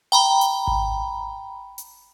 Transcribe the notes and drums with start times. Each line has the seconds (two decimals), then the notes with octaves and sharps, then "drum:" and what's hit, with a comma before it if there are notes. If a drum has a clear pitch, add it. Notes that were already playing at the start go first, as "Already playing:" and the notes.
0.12 G5 A#5 B5
0.41 drum: hi-hat
0.67 drum: kick G#1
1.78 drum: hi-hat